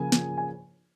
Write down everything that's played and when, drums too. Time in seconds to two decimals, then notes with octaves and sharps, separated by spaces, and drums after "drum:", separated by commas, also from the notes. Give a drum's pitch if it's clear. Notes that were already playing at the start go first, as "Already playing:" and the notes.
Already playing: C#3 F3 A#3 G#4 G#5
0.12 C#3 F3 A#3, drum: snare
0.38 G#5